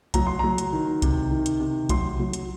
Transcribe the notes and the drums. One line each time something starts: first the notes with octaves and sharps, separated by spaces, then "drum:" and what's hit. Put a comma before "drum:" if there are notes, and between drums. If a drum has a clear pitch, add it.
F#3 A#5, drum: kick B1, hi-hat
C6
F#3 A#5
drum: hi-hat
D#3
C3, drum: kick B1, hi-hat
D#3
drum: hi-hat
C3
F#3 C6, drum: kick B1, hi-hat
F#3
drum: hi-hat